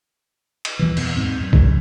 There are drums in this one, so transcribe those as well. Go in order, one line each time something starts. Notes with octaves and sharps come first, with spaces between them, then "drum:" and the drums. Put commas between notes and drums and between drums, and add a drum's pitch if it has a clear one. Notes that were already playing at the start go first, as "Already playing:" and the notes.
drum: cymbal
D#2 B2 E3
E2, drum: cymbal
D#2 G#2 C4
F#2
A1 C#3 F3, drum: kick A#1